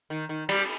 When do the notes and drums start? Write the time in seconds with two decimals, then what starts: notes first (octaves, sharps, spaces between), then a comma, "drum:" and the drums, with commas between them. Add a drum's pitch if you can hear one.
0.10 D#3
0.29 D#3
0.49 G3, drum: cymbal